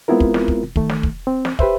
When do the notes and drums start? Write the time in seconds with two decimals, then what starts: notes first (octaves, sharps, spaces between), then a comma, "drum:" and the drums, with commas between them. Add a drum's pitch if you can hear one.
0.08 G#3 B3 C4 E4 F4 A#4
0.20 drum: kick
0.34 drum: snare
0.48 drum: kick
0.76 D#3 A3, drum: kick
0.89 drum: snare
1.03 drum: kick
1.27 C4
1.45 drum: snare
1.59 G4 B4 C5 E5, drum: kick